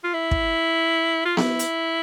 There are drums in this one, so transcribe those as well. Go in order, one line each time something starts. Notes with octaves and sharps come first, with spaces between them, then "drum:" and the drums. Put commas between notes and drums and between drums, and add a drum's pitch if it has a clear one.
F4
E4
drum: kick
F4
E4, drum: snare B3
drum: hi-hat